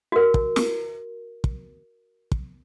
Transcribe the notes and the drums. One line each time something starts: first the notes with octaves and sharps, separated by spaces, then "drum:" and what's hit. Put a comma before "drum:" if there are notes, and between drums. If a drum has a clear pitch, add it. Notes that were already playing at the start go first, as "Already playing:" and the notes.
F#4 A#4
drum: kick
drum: snare
drum: kick
drum: kick